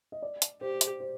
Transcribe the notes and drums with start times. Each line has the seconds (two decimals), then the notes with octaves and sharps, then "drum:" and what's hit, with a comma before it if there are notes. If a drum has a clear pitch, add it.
0.12 D#5
0.22 D5
0.42 drum: hi-hat
0.61 G4 C5
0.81 drum: hi-hat
1.00 C5